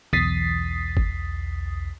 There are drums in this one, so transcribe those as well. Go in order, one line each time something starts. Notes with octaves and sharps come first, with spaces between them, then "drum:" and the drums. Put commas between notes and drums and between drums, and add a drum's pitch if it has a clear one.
B1 E2 D#6 A6 B6 C7, drum: tom
drum: kick G1